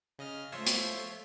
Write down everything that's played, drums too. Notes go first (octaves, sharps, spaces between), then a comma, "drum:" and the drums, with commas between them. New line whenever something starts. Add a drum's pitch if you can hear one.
C#3 D#5 F6
F3 A3 F4 C#5 E5 C6
drum: hi-hat